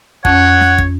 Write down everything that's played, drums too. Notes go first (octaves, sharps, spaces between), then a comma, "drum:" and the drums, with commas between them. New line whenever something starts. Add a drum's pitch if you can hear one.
F2 C#4 C#5 F#5, drum: kick
drum: snare
drum: kick